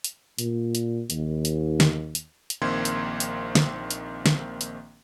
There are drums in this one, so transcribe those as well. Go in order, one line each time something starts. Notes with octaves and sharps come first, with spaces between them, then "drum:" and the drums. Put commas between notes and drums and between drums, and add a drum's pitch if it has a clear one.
drum: hi-hat
A#2, drum: hi-hat
drum: hi-hat
D#2, drum: hi-hat
drum: hi-hat
drum: snare
drum: hi-hat
drum: hi-hat
A#1 D#3 A#3 C4 C6 G#6
drum: hi-hat
drum: hi-hat
drum: snare
drum: hi-hat
drum: snare
drum: hi-hat